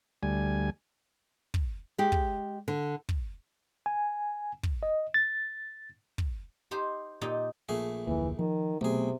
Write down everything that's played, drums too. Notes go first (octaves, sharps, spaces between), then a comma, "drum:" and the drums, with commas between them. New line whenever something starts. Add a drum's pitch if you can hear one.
D2 G3 G#5
drum: kick
G#3 G4
drum: kick
D3
drum: kick
G#5
drum: kick
D#5
A6
drum: kick
D#4 G4 C5
A#2 D#4 G4
A#1 A3 G#4
F1 D2 E3 A#3
D#3 F3
B1 C3 A3 G#4